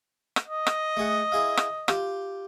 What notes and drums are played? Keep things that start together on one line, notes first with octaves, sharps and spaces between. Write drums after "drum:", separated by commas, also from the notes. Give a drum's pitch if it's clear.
drum: rim click
D#5
drum: rim click
A3 G#4 F#5
E4 G#4 F5
drum: rim click
F4 G4, drum: rim click